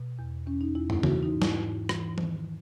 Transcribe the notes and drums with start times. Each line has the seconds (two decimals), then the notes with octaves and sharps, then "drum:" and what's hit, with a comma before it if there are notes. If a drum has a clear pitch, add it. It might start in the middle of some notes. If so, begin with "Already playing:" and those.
Already playing: B2
0.19 E2
0.47 E2 C#4
0.61 D#4
0.75 E2 E4
0.90 E4, drum: tom
1.03 E3 F#4, drum: tom C#3
1.23 D#4
1.32 G#2
1.42 E4, drum: snare
1.61 G#2
1.89 E3, drum: rim click
2.18 D#3, drum: tom E3